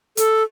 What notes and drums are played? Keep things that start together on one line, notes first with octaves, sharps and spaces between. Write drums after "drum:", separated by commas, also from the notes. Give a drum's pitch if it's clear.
A4, drum: hi-hat